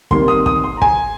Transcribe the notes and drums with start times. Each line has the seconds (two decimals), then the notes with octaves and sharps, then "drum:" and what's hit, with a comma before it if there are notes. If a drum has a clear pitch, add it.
0.11 C3 D#3 G3 A#3 C6, drum: kick
0.28 D#6
0.46 D#6, drum: kick
0.64 C6
0.77 A#5
0.82 G#5, drum: kick